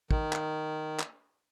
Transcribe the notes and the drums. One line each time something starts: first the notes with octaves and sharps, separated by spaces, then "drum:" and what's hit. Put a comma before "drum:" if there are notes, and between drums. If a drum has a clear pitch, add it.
D#3, drum: kick
drum: clap
drum: clap